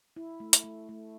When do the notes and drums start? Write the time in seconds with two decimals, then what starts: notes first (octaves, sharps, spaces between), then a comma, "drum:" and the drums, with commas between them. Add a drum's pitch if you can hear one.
0.16 E4
0.40 A3
0.53 drum: hi-hat
0.64 A3
0.89 A3